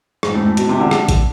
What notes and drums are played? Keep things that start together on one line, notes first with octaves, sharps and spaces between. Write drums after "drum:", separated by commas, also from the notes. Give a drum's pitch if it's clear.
G#2, drum: rim click
A2
A2
B2, drum: hi-hat
C3
D3
drum: rim click
drum: kick A1, hi-hat